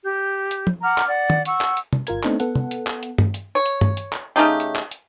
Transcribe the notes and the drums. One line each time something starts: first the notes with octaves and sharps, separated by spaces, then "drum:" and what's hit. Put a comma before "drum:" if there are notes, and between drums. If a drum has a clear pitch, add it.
G4 G6
drum: hi-hat
drum: tom
F#5 A#5 D6 F6
drum: clap
D5 F#5
drum: tom
F#5 C#6 E6, drum: hi-hat
drum: clap
drum: hi-hat
drum: tom
G1 F4 A#4 G#6, drum: hi-hat
A3 B3 C4 D4 D#4 A4, drum: clap
B3 A4 F#5, drum: hi-hat
drum: tom
drum: hi-hat
drum: clap
drum: hi-hat
drum: tom G2
drum: hi-hat
C#5
drum: hi-hat
drum: tom G2
drum: hi-hat
drum: clap
C#3 A3 D#4 G4
drum: hi-hat
drum: clap
drum: hi-hat